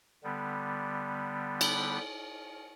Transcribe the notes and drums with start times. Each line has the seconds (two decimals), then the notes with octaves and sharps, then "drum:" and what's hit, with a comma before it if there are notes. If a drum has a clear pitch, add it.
0.24 D3 G3 B3
1.61 drum: cymbal